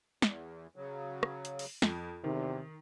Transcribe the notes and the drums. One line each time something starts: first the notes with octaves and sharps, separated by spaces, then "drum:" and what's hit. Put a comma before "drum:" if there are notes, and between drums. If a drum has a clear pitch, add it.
E2, drum: snare
C#3 F#3
drum: rim click
drum: hi-hat
drum: open hi-hat
F2, drum: snare
E2 C3 D#3